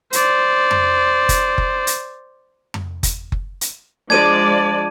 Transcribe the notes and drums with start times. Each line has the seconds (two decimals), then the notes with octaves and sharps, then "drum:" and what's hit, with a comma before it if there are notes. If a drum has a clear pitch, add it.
0.13 C5 D5, drum: hi-hat
0.71 drum: tom F2
1.29 drum: kick F#1, hi-hat
1.58 drum: kick F#1
1.87 drum: hi-hat
2.74 drum: tom F2
3.03 drum: kick F#1, hi-hat
3.32 drum: kick F#1
3.61 drum: hi-hat
4.10 F3 G#3 D4 D5 G#6 D#7